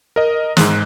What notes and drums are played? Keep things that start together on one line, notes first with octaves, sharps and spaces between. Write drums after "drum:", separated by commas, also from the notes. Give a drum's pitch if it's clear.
A#4 D#5
G#2 G#3 F#6, drum: snare